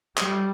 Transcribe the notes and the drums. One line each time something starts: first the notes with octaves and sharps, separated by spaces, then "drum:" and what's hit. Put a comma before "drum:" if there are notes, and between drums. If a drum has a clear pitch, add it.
G3, drum: clap